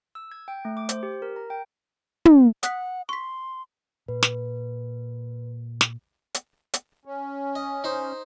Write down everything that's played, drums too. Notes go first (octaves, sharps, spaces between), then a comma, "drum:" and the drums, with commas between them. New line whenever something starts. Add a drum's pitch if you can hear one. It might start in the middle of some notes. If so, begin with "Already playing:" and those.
E6
G#6
G5
A3
D6
C5, drum: hi-hat
G4
A#4
A#5
G5
drum: tom
F#5 D#6 F#6 B6, drum: hi-hat
C6 C#6 B6
A#2 B4
drum: snare
drum: snare
drum: hi-hat
drum: hi-hat
C#4
D#5
D#4 C5